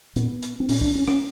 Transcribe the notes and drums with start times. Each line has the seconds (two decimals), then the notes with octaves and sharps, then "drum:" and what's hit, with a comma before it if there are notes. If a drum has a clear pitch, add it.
0.16 A#2 B3, drum: hi-hat
0.42 drum: hi-hat
0.60 C4
0.69 A#2 C#4, drum: open hi-hat
0.81 D4, drum: kick C2
0.95 C#4
1.08 C#4, drum: rim click